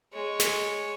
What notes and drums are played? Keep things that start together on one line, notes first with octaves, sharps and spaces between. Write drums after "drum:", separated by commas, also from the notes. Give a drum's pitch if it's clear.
G#3 C#5
drum: snare